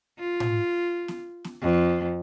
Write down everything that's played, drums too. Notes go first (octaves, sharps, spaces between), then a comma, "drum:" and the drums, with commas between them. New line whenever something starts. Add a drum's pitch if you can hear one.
F4
drum: tom A2
drum: snare B3
drum: snare B3
F2